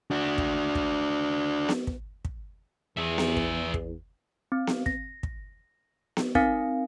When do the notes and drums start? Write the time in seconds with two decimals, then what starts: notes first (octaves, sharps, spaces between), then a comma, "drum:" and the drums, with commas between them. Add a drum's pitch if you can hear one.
0.11 D4 F#4
0.38 drum: kick
0.75 drum: kick
1.69 drum: snare B3
1.87 drum: kick
2.25 drum: kick
2.97 E2 G#4 E5
3.18 drum: snare B3
3.37 drum: kick
3.74 drum: kick
4.52 C4
4.67 drum: snare B3
4.86 A#6, drum: kick
5.23 drum: kick
6.17 drum: snare B3
6.35 C4 D#4 A#4 F5 G#5, drum: kick